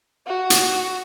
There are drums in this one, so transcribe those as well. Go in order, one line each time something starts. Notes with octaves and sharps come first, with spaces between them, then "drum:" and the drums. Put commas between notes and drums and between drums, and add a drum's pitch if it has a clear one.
F#4
drum: hi-hat